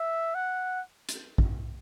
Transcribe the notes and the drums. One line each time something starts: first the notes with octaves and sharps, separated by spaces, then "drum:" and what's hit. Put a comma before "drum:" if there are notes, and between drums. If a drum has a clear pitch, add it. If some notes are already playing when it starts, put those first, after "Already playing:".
Already playing: E5
F#5
drum: hi-hat
drum: kick